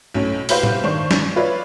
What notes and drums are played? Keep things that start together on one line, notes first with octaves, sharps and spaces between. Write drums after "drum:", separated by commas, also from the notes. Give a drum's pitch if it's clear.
B1 A2 C#4
E4 F#4 G4 B4 C5 F5, drum: open hi-hat
drum: tom A2
G2 D#3 D4 C5 C#6
drum: snare
F4 B4 C#5 D5 E5